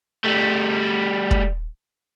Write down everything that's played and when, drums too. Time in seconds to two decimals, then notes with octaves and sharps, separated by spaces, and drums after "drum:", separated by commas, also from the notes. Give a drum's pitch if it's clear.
0.24 G3 A3
1.31 drum: kick